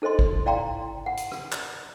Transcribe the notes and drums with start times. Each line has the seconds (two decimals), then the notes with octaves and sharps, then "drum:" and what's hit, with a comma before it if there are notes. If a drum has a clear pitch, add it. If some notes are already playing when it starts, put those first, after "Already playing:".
0.02 D#4 A4 C5 D#5 C6
0.19 drum: kick
0.46 E4 D5 F5 G5 A#5 C6
1.06 F#5
1.17 drum: hi-hat
1.32 drum: rim click
1.52 drum: clap